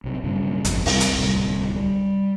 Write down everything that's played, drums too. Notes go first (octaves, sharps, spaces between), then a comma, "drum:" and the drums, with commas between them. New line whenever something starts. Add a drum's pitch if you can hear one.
B1 C3
B1 G2 C#3
G#1 F2 G#2, drum: hi-hat
C2 C3 G3, drum: open hi-hat
drum: hi-hat
D1 C2 G3
G3